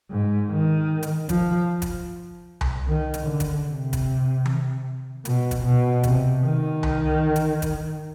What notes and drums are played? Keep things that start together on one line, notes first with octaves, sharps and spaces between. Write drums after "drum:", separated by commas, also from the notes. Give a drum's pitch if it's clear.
G#2
D#3
drum: hi-hat
F3, drum: kick, hi-hat
drum: kick, hi-hat
drum: tom C2
D#3
drum: hi-hat
D3
drum: kick, hi-hat
C3
drum: kick, hi-hat
drum: tom D#3
B2, drum: hi-hat
drum: kick, hi-hat
B2
C3, drum: kick, hi-hat
D#3
drum: tom C2
drum: hi-hat
drum: kick, hi-hat